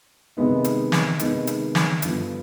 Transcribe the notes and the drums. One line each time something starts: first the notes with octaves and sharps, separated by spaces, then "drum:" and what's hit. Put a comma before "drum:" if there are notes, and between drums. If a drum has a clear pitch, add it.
C3 D#3 G#3 B3 D#4
drum: hi-hat
drum: snare
C3 D#3 G#3 B3 D#4, drum: hi-hat
drum: hi-hat
drum: snare
G2 D3 F3 B3, drum: hi-hat